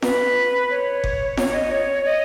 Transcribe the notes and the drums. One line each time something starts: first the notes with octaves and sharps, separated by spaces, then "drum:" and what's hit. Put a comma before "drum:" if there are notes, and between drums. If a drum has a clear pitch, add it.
B4, drum: snare
C#5
drum: kick F#1
C#5, drum: snare
D#5
C#5
D#5